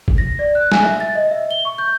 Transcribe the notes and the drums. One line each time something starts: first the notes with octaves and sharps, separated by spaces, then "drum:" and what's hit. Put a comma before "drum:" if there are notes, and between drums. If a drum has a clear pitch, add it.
drum: kick G#1
A#6
D5
F#6
G#5, drum: snare
E5
A6
D#5
E5
G7
C#6
G6